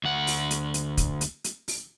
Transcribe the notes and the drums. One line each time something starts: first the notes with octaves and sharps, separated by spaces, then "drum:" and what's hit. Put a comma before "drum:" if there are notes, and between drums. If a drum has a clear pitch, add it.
D2 F#5
drum: open hi-hat
drum: hi-hat
drum: hi-hat
drum: kick, hi-hat
drum: hi-hat
drum: hi-hat
drum: open hi-hat